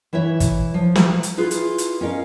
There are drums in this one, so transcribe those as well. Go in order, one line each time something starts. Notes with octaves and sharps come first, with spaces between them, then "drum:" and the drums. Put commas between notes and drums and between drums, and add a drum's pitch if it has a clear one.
E3 E4 C#5 E5
drum: kick, hi-hat
F3
drum: snare
drum: hi-hat
E4 F4 G#4 B4
drum: hi-hat
drum: hi-hat
C#4 A#4 D#5 F5